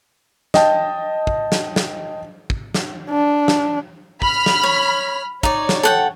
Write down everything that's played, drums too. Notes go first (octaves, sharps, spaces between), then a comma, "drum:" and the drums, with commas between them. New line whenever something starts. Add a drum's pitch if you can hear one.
D#5 G5 A5, drum: snare
drum: kick
drum: snare
drum: snare
drum: kick
drum: snare
D4
drum: snare
B5 F6, drum: kick
drum: snare
C#5
D#4 C#5 D5, drum: kick
drum: snare
A4 F#5 G5